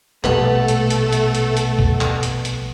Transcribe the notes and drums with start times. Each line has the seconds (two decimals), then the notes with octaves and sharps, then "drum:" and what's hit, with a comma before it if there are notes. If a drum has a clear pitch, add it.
0.24 A#1 B2 G3 A3 A4 B4 F#5, drum: clap
0.68 drum: hi-hat
0.90 drum: hi-hat
1.13 drum: hi-hat
1.35 drum: hi-hat
1.57 drum: hi-hat
1.79 drum: kick
2.01 drum: clap
2.23 drum: hi-hat
2.45 drum: hi-hat